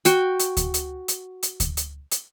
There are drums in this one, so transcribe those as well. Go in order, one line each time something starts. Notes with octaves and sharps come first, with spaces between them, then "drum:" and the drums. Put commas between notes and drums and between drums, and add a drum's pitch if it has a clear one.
F#4 G5, drum: hi-hat
drum: hi-hat
drum: kick D2, hi-hat
drum: hi-hat
drum: hi-hat
drum: hi-hat
drum: kick D2, hi-hat
drum: hi-hat
drum: hi-hat